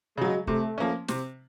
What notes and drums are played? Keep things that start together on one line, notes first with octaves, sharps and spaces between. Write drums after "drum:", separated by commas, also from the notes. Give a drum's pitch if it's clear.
C#3 F#3 G#3
C3 A3, drum: kick
F3 A#3 C#4
C3, drum: snare